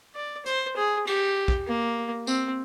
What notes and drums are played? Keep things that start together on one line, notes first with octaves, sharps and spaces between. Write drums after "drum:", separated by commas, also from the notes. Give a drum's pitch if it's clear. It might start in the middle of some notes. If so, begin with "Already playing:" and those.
D5
C5, drum: hi-hat
G#4
G4, drum: cymbal
drum: kick
A#3
C4, drum: tambourine